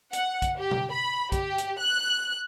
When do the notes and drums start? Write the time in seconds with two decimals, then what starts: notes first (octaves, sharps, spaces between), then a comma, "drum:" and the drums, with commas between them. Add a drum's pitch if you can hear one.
0.13 F#5, drum: hi-hat
0.42 drum: kick, hi-hat
0.59 G4
0.71 drum: tom
0.92 B5
1.32 G4, drum: kick, hi-hat
1.58 drum: hi-hat
1.78 F#6